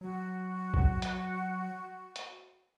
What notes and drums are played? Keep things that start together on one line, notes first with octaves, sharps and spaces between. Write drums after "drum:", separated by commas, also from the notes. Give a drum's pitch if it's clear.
F#3 F#4
drum: kick
drum: hi-hat
drum: hi-hat